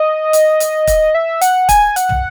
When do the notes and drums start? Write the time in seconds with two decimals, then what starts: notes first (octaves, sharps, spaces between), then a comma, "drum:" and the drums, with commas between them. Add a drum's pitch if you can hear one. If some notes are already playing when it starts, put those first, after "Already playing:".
Already playing: D#5
0.33 drum: hi-hat
0.60 drum: hi-hat
0.87 drum: kick, hi-hat
1.14 E5
1.41 F#5, drum: hi-hat
1.69 G#5, drum: kick, hi-hat
1.96 F#5, drum: hi-hat
2.09 drum: tom